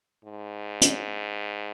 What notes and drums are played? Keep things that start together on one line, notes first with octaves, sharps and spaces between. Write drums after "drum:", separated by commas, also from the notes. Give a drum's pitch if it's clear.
G#2
drum: hi-hat